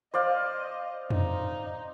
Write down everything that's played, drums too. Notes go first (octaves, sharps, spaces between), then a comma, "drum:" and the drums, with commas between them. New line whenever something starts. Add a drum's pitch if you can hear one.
C5 D5 D#5 F5
D#4, drum: tom F2